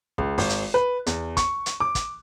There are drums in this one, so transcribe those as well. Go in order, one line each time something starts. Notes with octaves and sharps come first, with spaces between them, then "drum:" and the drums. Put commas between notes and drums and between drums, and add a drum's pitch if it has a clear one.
C#2, drum: kick
G#1, drum: open hi-hat
drum: hi-hat
B4
E2, drum: hi-hat
C#6, drum: kick, hi-hat
drum: hi-hat
D6
drum: kick, hi-hat